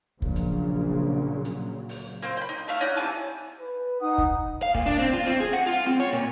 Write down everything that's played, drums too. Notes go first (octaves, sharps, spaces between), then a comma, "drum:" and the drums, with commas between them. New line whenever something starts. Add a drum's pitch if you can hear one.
A#1 A#2 C#3 F#3, drum: kick
drum: hi-hat
drum: hi-hat
drum: open hi-hat
A#3 C4 C5
G5 B5
D#4
A3 E5 F5
C#4 D#4 D5 F#5
C3 E3 G#5 A5
B4
D#4 F#5 D#6
drum: kick
F5
A#2, drum: kick
D4
C4
F4
C4
G#4
F#5
F4
C4
C#5, drum: hi-hat
A#2